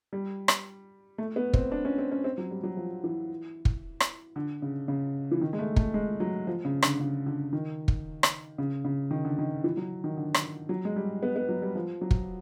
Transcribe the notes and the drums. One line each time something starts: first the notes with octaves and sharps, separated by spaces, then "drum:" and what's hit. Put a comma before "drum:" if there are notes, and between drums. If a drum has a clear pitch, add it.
G3
drum: rim click
A3
B3
C4, drum: kick
D4
C#4
C4
C#4
C4
F#3
G3
F#3
F3
E3
drum: kick
drum: rim click
D3
C#3
C#3
E3
D#3
G#3
A3
A3, drum: kick
G#3
F#3
F3
C#3
D3, drum: rim click
C#3
D3
D#3
drum: kick
drum: rim click
C#3
C#3
D#3
D3
D#3
E3
F#3
D#3
D3
drum: rim click
F#3
G#3
G3
B3
B3
F#3
G3
F3
F#3
drum: kick